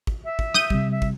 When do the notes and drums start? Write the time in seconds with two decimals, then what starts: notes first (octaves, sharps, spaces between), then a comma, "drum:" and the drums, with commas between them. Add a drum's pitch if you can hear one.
0.07 drum: kick
0.25 E5
0.39 drum: kick
0.54 D#6 G6 D#7, drum: snare
0.70 C3 G3, drum: kick
0.91 E5
1.02 drum: kick